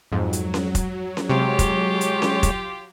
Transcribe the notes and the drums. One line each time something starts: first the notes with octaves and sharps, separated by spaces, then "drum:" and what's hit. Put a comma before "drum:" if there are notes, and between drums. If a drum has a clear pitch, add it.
F2 G#2 F#3
drum: hi-hat
drum: snare C#4
drum: kick, hi-hat
drum: snare C#4
C3 G#3 F4 G4 C#5
drum: kick, hi-hat
drum: hi-hat
drum: snare C#4
drum: kick, hi-hat